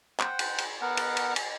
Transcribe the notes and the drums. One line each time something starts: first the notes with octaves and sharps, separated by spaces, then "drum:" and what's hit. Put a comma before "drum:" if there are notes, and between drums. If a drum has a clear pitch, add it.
C5 F#5 G5, drum: clap
drum: cymbal
drum: cymbal
B3 A#4 F#5
drum: cymbal
drum: cymbal
drum: cymbal